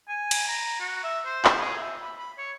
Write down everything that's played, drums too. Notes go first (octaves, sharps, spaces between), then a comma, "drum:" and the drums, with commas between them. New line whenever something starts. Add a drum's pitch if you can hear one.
G#5
drum: cymbal
A#5
F#4
E5
C5
drum: clap
G#4
E5
B5
B5
C#5